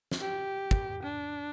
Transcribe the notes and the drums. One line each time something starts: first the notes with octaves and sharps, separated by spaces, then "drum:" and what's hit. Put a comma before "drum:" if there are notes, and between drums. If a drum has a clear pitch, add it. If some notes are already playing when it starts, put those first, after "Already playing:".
drum: snare
G4
drum: kick
D4